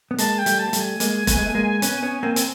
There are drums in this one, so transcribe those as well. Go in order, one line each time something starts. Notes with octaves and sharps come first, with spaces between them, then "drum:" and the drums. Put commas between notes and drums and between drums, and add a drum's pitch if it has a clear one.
B3
G#3 A#3 A5, drum: hi-hat
G5
G3 A3, drum: hi-hat
A5
A#3
G3 A3, drum: hi-hat
G#5
G#3 A#3, drum: hi-hat
A3 B3, drum: kick F1, hi-hat
G#3
A3
G#3 A#3
B3 C#4, drum: hi-hat
B3 C#4
A#3 C4
C4, drum: hi-hat